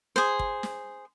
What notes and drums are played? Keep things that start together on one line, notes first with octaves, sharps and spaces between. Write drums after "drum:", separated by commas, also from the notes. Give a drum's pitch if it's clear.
G#4 C5, drum: snare
drum: kick
drum: snare